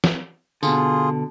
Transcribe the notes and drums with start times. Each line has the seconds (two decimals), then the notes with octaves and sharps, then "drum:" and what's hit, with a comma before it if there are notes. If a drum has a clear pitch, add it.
0.04 drum: snare
0.63 B2 D3 F4 G#4, drum: tambourine